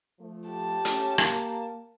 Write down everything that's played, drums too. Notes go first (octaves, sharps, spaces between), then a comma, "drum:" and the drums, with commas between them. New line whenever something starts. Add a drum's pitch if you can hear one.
F3 A3
G4 A5
A3 C#4, drum: hi-hat
A#3, drum: rim click